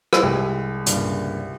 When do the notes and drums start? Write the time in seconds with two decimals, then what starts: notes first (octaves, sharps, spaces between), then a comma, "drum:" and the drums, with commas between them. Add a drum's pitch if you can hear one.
0.13 drum: rim click
0.23 C2 G#3 G4
0.86 G2 A#2 C#3, drum: hi-hat